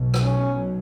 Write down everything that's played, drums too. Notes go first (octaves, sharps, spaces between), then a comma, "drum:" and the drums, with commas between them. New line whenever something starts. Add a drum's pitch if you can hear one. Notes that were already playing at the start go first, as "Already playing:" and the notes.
Already playing: B1 B2 F#3
drum: rim click
C#4